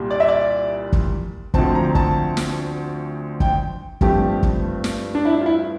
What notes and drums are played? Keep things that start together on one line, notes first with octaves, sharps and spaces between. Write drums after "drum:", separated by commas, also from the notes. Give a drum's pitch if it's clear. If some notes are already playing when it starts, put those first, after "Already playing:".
Already playing: C2 A#2 G3
D5
E5
D5
drum: kick
D2 D3 F3 C4 A5, drum: kick
A#5
A5, drum: kick
drum: snare
G5, drum: kick
G2 F3 A3 C4 G4, drum: kick
drum: kick
drum: snare
D4
E4
F4
E4